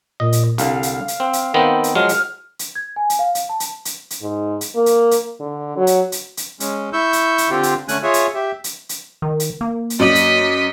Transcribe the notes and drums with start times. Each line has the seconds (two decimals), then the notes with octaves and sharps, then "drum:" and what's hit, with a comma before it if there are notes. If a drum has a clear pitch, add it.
0.20 A#2 D#5
0.32 drum: hi-hat
0.58 C2 D3 F5, drum: hi-hat
0.83 drum: hi-hat
1.08 drum: hi-hat
1.20 C4
1.33 drum: hi-hat
1.54 D#3 B3 C4
1.84 drum: hi-hat
1.95 F3 F#3 G#3 F6
2.09 drum: hi-hat
2.59 drum: hi-hat
2.75 G#6
2.96 G#5
3.10 drum: hi-hat
3.19 F5
3.35 drum: hi-hat
3.49 A5
3.60 drum: hi-hat
3.85 drum: hi-hat
4.10 drum: hi-hat
4.22 G#2
4.61 drum: hi-hat
4.76 A#3
4.86 drum: hi-hat
5.11 drum: hi-hat
5.40 D3
5.77 F#3
5.87 drum: hi-hat
6.12 drum: hi-hat
6.37 drum: hi-hat
6.60 G#3 C#4, drum: hi-hat
6.93 E4 C#6 E6 G6
7.13 drum: hi-hat
7.38 drum: hi-hat
7.50 D3 C4 F4 G4
7.63 drum: hi-hat
7.88 D3 A3 C#4 G#5 F#6, drum: hi-hat
8.03 F4 G#4 C#5 E5
8.14 drum: hi-hat
8.34 G4 E5
8.64 drum: hi-hat
8.89 drum: hi-hat
9.22 D#3
9.40 drum: hi-hat
9.61 A#3
9.90 drum: hi-hat
9.99 F#2 D5 D#5 B6 F#7
10.15 drum: hi-hat